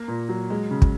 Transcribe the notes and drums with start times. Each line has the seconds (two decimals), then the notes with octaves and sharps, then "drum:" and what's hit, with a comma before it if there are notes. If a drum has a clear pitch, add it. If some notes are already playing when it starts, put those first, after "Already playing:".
Already playing: A#3 A#5
0.08 A#2
0.29 F#3
0.50 G#3
0.71 C#3
0.82 drum: kick